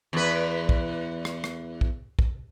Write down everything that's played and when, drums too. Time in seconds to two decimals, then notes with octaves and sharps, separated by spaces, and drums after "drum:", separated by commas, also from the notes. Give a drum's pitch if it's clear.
0.13 E2 B4
0.69 drum: kick
1.25 drum: rim click
1.44 drum: rim click
1.81 drum: kick
2.19 drum: kick